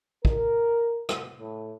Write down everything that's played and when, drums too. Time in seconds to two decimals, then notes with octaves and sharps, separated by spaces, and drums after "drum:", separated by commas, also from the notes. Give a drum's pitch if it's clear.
0.25 A#4, drum: kick
1.09 drum: rim click
1.38 A2